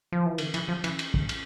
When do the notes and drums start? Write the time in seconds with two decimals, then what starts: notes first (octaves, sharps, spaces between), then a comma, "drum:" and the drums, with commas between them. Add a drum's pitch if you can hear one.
0.12 F3
0.26 E3
0.38 D#3, drum: cymbal
0.54 E3, drum: cymbal
0.68 F3
0.84 E3, drum: cymbal
0.99 drum: cymbal
1.14 drum: kick
1.29 drum: cymbal